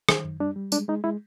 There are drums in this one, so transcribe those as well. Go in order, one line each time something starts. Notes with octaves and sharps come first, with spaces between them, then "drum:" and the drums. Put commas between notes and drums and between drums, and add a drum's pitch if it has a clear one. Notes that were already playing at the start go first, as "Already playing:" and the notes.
D#3 G#4, drum: rim click
F#2
G3 D4
G3
G#3 D4, drum: tambourine
G#3 D#4
G#3 E4